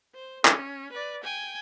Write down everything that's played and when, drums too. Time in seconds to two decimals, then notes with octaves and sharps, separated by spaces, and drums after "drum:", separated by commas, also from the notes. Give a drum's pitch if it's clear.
0.15 C5
0.45 C#4, drum: clap
0.92 B4 D5
1.23 G5 G#5